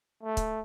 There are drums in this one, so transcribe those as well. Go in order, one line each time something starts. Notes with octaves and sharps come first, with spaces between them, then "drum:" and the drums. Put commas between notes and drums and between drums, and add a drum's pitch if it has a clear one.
A3
drum: kick C#1, hi-hat